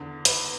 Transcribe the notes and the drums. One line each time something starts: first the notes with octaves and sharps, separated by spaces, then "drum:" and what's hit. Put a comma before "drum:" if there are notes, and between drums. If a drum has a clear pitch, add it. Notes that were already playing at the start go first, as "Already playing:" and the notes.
Already playing: E2 D3
B4, drum: hi-hat